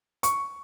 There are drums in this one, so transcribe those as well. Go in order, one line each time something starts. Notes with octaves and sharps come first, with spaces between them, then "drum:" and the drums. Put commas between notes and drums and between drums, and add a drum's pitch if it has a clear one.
C#6, drum: hi-hat